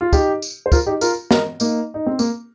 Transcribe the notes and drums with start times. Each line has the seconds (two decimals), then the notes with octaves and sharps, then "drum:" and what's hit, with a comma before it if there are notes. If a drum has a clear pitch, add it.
0.01 F4
0.13 D#4 G4, drum: kick, tambourine
0.42 drum: tambourine
0.66 C5
0.72 F4 A#4, drum: kick, tambourine
0.86 D#4 G4
1.01 F4 A#4, drum: tambourine
1.31 A#4 D#5, drum: snare
1.60 A#3 D#4, drum: tambourine
1.94 D#4
2.06 C4
2.19 A#3, drum: tambourine